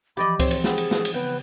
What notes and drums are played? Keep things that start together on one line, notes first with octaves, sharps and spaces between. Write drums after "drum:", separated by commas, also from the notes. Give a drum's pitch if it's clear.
E3 F3 G4 D5 D#5 B5
C4 G4 C#5, drum: kick C#2, cymbal
drum: cymbal
G#4 F#5 G5 B5, drum: snare
drum: cymbal
drum: snare
drum: cymbal
C#3 B3 G5